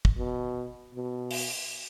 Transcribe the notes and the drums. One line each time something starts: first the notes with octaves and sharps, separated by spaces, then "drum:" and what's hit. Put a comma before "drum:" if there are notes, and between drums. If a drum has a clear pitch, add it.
drum: kick
B2
B2
drum: open hi-hat